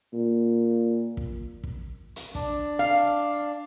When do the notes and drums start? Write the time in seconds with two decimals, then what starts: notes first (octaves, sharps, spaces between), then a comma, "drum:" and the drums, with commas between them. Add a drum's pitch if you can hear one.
0.13 A#2
1.17 drum: kick
1.63 drum: kick
2.16 drum: hi-hat
2.35 D4, drum: kick
2.79 F5